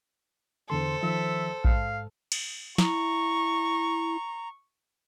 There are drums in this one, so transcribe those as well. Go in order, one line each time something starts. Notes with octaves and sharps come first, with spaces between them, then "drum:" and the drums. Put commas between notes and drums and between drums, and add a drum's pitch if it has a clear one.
E2 D3 A4 C5 C6
D#3 F3 E5
G#2 F5, drum: kick A#1
drum: cymbal
E4 A#5 C#6, drum: snare